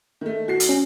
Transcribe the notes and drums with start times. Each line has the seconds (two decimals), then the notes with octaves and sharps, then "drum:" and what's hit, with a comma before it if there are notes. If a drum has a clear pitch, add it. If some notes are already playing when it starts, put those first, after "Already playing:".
0.21 D#3 A3
0.48 F#4 C7
0.60 drum: hi-hat
0.69 C#4